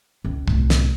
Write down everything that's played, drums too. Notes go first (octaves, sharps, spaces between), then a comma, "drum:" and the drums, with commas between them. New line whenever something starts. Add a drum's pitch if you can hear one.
C#2
C2 A2, drum: kick
drum: snare